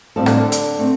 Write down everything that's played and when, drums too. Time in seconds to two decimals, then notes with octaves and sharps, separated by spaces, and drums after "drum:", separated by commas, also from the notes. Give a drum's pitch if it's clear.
0.16 A2 F3 G3 C4 A4
0.26 D3, drum: rim click
0.37 D3
0.52 drum: hi-hat
0.78 A3 C4